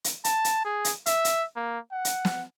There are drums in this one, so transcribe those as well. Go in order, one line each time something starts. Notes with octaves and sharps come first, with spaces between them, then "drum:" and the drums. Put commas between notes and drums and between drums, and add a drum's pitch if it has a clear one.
drum: hi-hat
A5, drum: hi-hat
drum: hi-hat
G#4
drum: hi-hat
E5, drum: hi-hat
drum: hi-hat
A#3
F#5
drum: hi-hat
drum: snare